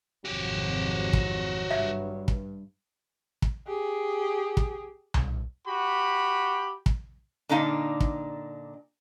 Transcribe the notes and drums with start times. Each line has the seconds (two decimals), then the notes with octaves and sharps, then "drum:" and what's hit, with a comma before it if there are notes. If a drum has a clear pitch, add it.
0.25 G#1 F2 C3 F#3 F#4 G4
1.13 drum: kick
1.71 G2 E5
2.28 drum: kick
3.42 drum: kick
3.67 G4 G#4
4.57 drum: kick
5.14 drum: tom C2
5.68 F#4 G4 B5
6.86 drum: kick
7.49 A#2 D3 D4 D#4 F5
8.00 drum: kick